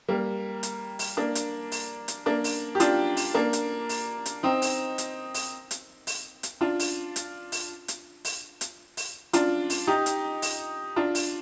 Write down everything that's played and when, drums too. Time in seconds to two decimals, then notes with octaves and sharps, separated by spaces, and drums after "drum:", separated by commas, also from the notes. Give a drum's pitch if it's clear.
0.08 G3 A#3
0.63 drum: hi-hat
0.99 drum: open hi-hat
1.17 A#3 D4
1.35 drum: hi-hat
1.72 drum: open hi-hat
2.08 drum: hi-hat
2.26 A#3 D4
2.44 drum: open hi-hat
2.75 G4
2.80 D4 F4, drum: hi-hat
3.17 drum: open hi-hat
3.34 A#3 D4
3.53 drum: hi-hat
3.89 drum: open hi-hat
4.26 drum: hi-hat
4.43 C4 D#4
4.62 drum: open hi-hat
4.98 drum: hi-hat
5.34 drum: open hi-hat
5.71 drum: hi-hat
6.07 drum: open hi-hat
6.43 drum: hi-hat
6.61 D4 F4
6.79 drum: open hi-hat
7.16 drum: hi-hat
7.52 drum: open hi-hat
7.88 drum: hi-hat
8.25 drum: open hi-hat
8.61 drum: hi-hat
8.97 drum: open hi-hat
9.33 D4 F4, drum: hi-hat
9.70 drum: open hi-hat
9.87 D#4 G4
10.06 drum: hi-hat
10.42 drum: open hi-hat
10.96 D4 F4
11.15 drum: open hi-hat